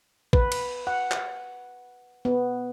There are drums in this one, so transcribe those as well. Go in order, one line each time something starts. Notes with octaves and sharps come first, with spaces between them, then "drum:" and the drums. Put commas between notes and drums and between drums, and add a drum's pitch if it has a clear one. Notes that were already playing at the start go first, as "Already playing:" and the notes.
B4, drum: kick
drum: cymbal
F#5
drum: clap
B3